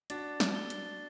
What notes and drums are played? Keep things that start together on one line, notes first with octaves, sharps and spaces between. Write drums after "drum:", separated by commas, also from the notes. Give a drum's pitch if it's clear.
D4 F#4 A6, drum: hi-hat
drum: snare
G7
drum: hi-hat